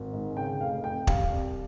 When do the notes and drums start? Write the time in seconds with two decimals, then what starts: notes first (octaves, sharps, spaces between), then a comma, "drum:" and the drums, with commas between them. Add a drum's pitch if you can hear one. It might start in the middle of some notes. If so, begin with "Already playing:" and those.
Already playing: G#1
0.13 G#2
0.36 C#3 G5
0.60 F1 F5
0.84 F2 G5
1.07 G3 F5, drum: kick
1.30 C2